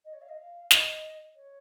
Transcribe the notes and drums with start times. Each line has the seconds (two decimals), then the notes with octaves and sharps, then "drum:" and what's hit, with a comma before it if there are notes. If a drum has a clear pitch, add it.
0.05 D#5
0.13 C#5
0.22 F5
0.29 D#5
0.38 F5
0.71 D#5, drum: snare
1.35 C#5